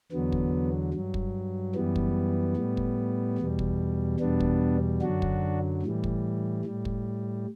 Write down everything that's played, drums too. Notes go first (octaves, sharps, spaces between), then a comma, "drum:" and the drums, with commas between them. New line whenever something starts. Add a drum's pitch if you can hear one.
E2 D3 F#3 B3
drum: kick
G2 F#3
drum: kick
F#2 E3 G3 B3
drum: kick
A2 G3
drum: kick
E2 B2 G3
drum: kick
E2 B2 G3 B3 D4
drum: kick
F#2 D3 F#3 D4 F#4
drum: kick
A2 E3 G3
drum: kick
A2 G3
drum: kick